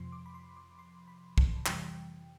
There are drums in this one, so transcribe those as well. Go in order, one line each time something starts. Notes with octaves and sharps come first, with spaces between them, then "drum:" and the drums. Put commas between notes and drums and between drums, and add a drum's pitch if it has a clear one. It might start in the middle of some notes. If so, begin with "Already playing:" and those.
Already playing: F2 C3 F3 C6
D6
B5
C6
D6
C6
B5
A5, drum: kick
F2 C3 E3 G3 G5, drum: clap